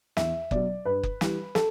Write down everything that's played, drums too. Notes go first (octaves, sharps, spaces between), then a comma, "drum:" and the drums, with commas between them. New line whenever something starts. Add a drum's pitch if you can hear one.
E2 E5, drum: snare
B2 F#3 D5, drum: kick F#1
G2 B4
drum: kick F#1
E3 G3, drum: snare
A4, drum: snare